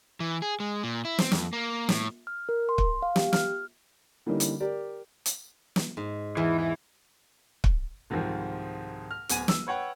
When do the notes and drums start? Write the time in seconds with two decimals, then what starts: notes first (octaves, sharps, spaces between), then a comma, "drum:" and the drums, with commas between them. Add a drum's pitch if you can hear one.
0.20 E3
0.42 G#4
0.60 G#3
0.83 A#2
1.05 E4
1.18 C4, drum: snare
1.32 F2, drum: snare
1.53 A#3
1.89 A2, drum: snare
2.27 F6
2.49 A#4
2.69 C6
2.78 drum: kick
3.03 F5
3.16 G4, drum: snare
3.33 F6, drum: snare
4.26 D3 E3 G3 A#3 C#4 D#4
4.40 drum: hi-hat
4.60 G4 A#4 D5
5.26 drum: hi-hat
5.76 drum: snare
5.97 G#2
6.37 E2 E3
6.59 E3
7.64 drum: kick
8.10 C2 G#2 D#3 F3
9.11 F6
9.29 D1 B3 G#5 G#6 D#7, drum: hi-hat
9.48 E6, drum: snare
9.67 B4 C#5 F#5 G5